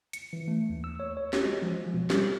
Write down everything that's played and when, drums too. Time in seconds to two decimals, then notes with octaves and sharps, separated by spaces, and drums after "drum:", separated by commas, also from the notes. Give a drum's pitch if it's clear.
0.13 C#7, drum: hi-hat
0.33 E3
0.48 A3
0.69 D#2
0.84 E6
1.00 C#5
1.17 C#5
1.33 F#4, drum: snare
1.45 G#3
1.62 F3
1.94 B2
2.10 G3, drum: snare